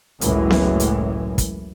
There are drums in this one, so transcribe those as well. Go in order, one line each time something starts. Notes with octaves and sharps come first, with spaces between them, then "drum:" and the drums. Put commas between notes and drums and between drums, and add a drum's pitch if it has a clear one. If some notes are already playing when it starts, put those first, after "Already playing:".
F#1 C#2 F#2 A2 E3 G#3, drum: hi-hat
drum: snare B3
drum: hi-hat
drum: kick, hi-hat